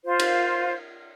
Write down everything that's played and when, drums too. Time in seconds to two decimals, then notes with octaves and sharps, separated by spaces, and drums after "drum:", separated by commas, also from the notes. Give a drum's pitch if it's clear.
0.04 F4 C5
0.19 drum: cymbal